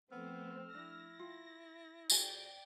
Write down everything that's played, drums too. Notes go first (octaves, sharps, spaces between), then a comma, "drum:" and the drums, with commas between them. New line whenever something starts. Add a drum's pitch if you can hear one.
F3 A3 B3 C4 E6 F6
D4 E4 A#6
F4
F2 F#4 G#4 D5 G5 G#5, drum: tambourine